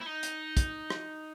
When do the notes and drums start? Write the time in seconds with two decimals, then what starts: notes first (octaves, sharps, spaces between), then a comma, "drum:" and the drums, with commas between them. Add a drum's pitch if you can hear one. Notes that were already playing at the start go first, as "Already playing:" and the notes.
0.01 E4
0.06 D#4
0.23 drum: hi-hat
0.57 drum: kick, hi-hat
0.90 drum: rim click